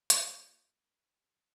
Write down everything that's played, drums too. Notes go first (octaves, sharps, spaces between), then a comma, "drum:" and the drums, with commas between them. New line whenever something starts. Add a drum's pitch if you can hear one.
A#2, drum: hi-hat